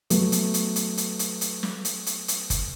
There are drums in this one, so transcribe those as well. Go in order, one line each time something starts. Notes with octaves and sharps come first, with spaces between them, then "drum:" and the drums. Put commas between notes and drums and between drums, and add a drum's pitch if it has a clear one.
F#3 A3 B3, drum: hi-hat
drum: hi-hat
drum: hi-hat
drum: hi-hat
drum: hi-hat
drum: hi-hat
drum: hi-hat
drum: snare
drum: hi-hat
drum: hi-hat
drum: hi-hat
drum: kick G1, hi-hat